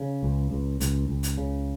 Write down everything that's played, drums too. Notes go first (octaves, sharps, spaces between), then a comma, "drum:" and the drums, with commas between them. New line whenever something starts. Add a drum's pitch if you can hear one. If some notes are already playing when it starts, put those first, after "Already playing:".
Already playing: C#3
C#2
C#2
C#2, drum: hi-hat
C#2
drum: hi-hat
C#3